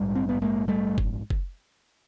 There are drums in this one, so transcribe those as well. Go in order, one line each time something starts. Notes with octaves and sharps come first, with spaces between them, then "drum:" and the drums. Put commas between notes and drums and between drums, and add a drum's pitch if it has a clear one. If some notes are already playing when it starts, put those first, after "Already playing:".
Already playing: A#1 G#2 G3
C4
B3
G#3 A#3
G3 A3
drum: kick F#1
drum: kick F#1